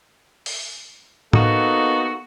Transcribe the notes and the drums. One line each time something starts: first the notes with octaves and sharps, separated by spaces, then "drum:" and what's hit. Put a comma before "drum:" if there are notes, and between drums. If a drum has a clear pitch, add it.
drum: open hi-hat
A#3 B3 D#4 F#4 A4, drum: tom A2